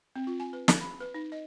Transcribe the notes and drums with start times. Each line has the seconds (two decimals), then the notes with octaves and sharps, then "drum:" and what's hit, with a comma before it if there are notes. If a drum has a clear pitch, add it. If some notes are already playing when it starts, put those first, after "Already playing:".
0.16 C4
0.27 F4
0.40 G#5
0.53 B4
0.68 drum: snare
0.81 B5
1.01 B4
1.14 D#4
1.32 D#5